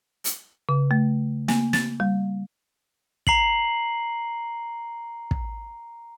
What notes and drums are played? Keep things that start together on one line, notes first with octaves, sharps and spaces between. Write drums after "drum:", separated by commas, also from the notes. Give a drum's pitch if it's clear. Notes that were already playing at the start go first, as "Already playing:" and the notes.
drum: hi-hat
C#3
A3
A#3, drum: snare
A6, drum: snare
G3
A#5 C7 F#7, drum: kick
drum: kick